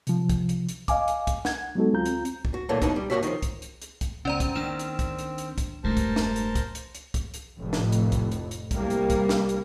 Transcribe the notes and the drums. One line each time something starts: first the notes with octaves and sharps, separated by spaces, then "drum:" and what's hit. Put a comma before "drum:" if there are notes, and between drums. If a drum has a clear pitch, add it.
C3 F3, drum: hi-hat
drum: kick C2, hi-hat
drum: hi-hat
drum: hi-hat
D#5 F5 G#5 D6, drum: kick C2, hi-hat
drum: hi-hat
drum: kick C2, hi-hat
F#5 G#6, drum: snare
F#3 G#3 B3 D#4 F#4 A4
D2 C4 F4 A#5 G6
drum: hi-hat
drum: hi-hat
drum: kick C2
F#4
A#2 D3 E3 F#3 A3 A#3
F2 B2 D#3 A#3 D#4 E4, drum: kick C2, hi-hat
G3
G2 A#3 F#4 G4 C#5 E5
D#3 F3, drum: hi-hat
drum: kick C2, hi-hat
drum: hi-hat
drum: hi-hat
drum: kick C2, hi-hat
C#2 B2 C4 C#4 D5 A#5
drum: kick C2, hi-hat
D#2 D#3 D4 E7
drum: hi-hat
drum: kick C2, hi-hat
drum: hi-hat
drum: hi-hat
drum: kick C2, hi-hat
E1 G2 A3 A#4 C5 A5
drum: kick C2, hi-hat
drum: snare
drum: hi-hat
drum: kick C2, hi-hat
drum: hi-hat
drum: hi-hat
drum: kick C2, hi-hat
drum: hi-hat
F1 F2 A2
drum: snare
drum: hi-hat
drum: kick C2, hi-hat
drum: hi-hat
drum: hi-hat
C2 G3 A#3, drum: kick C2, hi-hat
drum: hi-hat
drum: kick C2, hi-hat
drum: snare
drum: hi-hat